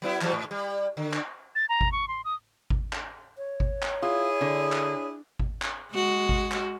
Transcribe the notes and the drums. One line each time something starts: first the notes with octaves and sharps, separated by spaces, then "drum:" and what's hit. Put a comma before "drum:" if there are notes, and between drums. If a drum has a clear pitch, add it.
F#3 B3 E4
E3 F#3 G3, drum: clap
G#2
G3
D3
drum: clap
A6
A#5
drum: kick G#1
C#6
C6
D#6
drum: kick G#1
drum: clap
C#5
drum: kick G#1
drum: clap
E4 F4 G#4
D3
drum: clap
drum: kick G#1
drum: clap
G#3 F#4
drum: kick G#1
drum: clap